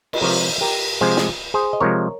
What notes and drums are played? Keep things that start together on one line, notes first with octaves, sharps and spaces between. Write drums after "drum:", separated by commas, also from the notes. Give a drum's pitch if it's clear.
D#5, drum: cymbal
C3 F3 G#3 A#4 C#5
G4 A#4
C3 F3 G#3 G#4 C5
drum: snare
G#4 C5
D#5
C3 F3 G#3 A#4 C#5